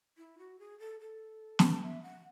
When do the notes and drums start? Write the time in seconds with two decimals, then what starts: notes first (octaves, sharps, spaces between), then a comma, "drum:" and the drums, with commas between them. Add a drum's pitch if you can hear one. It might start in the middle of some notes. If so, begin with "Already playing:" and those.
0.18 E4
0.38 F#4
0.59 G#4
0.80 A4
1.00 A4
1.59 drum: snare
1.83 E5
2.03 F#5